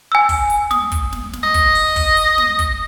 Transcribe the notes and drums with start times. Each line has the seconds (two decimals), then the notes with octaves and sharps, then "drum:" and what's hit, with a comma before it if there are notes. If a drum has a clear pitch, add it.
0.12 G#5 E6
0.29 drum: kick, open hi-hat
0.50 drum: hi-hat
0.71 D#6, drum: snare
0.92 drum: kick, hi-hat
1.12 drum: snare
1.33 drum: snare
1.43 D#5
1.54 drum: kick, hi-hat
1.75 drum: open hi-hat
1.96 drum: kick, open hi-hat
2.17 drum: hi-hat
2.38 drum: snare
2.59 drum: kick, hi-hat